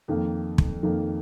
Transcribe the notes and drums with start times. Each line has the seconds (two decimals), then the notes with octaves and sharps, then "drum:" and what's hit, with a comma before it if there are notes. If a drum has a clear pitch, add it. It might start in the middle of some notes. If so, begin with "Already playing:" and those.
0.08 F2 D#3 A#3
0.58 drum: kick
0.83 F2 D#3 A#3